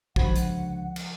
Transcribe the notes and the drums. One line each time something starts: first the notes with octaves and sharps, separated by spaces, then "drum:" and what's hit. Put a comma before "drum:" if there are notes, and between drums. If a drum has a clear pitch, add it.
C#2 D3 F3 F#4 C5 F#5 B5 G#6, drum: kick
drum: hi-hat
drum: cymbal